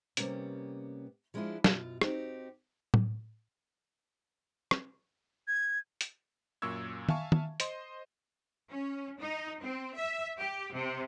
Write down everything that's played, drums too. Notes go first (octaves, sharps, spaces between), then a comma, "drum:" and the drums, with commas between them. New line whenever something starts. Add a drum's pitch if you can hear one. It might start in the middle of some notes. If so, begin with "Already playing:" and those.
C3 G3 A#3 B3 C#4, drum: hi-hat
F3 G#3 B3 D4 E4 F4
F#2 B2 F4, drum: snare
C4 D#4 F#4 G4, drum: rim click
drum: tom A2
drum: rim click
G#6
drum: hi-hat
F#2 A#2 C#6 E6 G#6
E5 F5 G#5 A5 C#6, drum: tom
drum: tom
C5 D#5 C6, drum: hi-hat
C#4
D#4
C4
E5
G4
C3